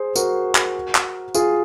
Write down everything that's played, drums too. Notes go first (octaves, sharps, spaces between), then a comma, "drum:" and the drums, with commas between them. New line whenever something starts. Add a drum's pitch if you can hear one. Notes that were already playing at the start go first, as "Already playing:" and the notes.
Already playing: G#4 C5
F#4 A#4, drum: tambourine
drum: clap
drum: clap
F4 G#4, drum: tambourine